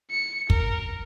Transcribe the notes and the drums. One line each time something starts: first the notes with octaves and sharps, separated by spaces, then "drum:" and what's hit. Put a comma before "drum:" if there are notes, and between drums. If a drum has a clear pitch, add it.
C#7
A#4, drum: kick